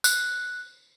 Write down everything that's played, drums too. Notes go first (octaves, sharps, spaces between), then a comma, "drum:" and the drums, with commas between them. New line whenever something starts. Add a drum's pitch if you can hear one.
F#6, drum: tambourine